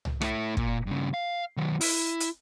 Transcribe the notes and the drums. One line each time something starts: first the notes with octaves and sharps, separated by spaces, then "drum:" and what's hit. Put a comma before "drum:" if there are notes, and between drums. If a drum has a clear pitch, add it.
drum: tom C2
A3 E4, drum: rim click
A#2, drum: kick
G2 C#3
F5
D#3 F#3
E4, drum: open hi-hat
drum: hi-hat